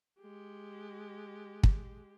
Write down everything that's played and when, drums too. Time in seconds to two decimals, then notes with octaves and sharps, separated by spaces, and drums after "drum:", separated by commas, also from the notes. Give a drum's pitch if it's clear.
0.21 G#3 G4
1.63 drum: kick